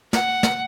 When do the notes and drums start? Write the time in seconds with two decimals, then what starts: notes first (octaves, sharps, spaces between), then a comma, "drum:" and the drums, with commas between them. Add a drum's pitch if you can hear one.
0.13 F#5, drum: snare
0.43 drum: snare